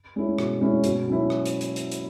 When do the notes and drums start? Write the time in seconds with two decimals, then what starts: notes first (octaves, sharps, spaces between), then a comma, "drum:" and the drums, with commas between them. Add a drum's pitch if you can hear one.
0.16 G#3 C#4 E4
0.38 B2, drum: rim click
0.61 G#3 C#4 E4
0.84 B2, drum: hi-hat
1.08 F#3 C#4 E4
1.30 drum: rim click
1.46 drum: hi-hat
1.61 drum: hi-hat
1.76 drum: hi-hat
1.92 drum: hi-hat